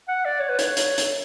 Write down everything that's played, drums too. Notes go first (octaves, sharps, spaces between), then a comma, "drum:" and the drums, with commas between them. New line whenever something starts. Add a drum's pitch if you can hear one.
F#5
D5
C#5
B4
C#5, drum: hi-hat
drum: hi-hat
drum: hi-hat